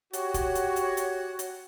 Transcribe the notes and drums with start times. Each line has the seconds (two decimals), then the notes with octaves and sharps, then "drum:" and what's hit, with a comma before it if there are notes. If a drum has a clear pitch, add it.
0.13 F#4 G4 C#5, drum: hi-hat
0.34 drum: kick, hi-hat
0.55 drum: hi-hat
0.76 drum: hi-hat
0.97 drum: hi-hat
1.39 drum: hi-hat